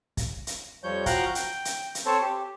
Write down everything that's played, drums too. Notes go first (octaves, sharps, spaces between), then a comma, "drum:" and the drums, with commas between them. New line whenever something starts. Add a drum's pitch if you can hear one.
drum: kick, hi-hat
drum: hi-hat
F2 F3 G3 C#5 G6
F3 F#4 F5 G5 A#5 F#6, drum: kick, hi-hat
G5, drum: hi-hat
drum: hi-hat
drum: hi-hat
C4 A4 C5 C#5 A5
G4